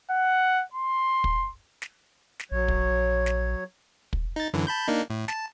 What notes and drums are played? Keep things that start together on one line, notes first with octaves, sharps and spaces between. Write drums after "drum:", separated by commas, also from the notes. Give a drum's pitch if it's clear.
F#5
C6
drum: kick
drum: snare
drum: snare
A#1 F#3 C#5
drum: kick
drum: snare
drum: kick
D#4 A6
F#2 D3 E3
A5 B5 G6
A#3 D4 D#4
A2
A5, drum: snare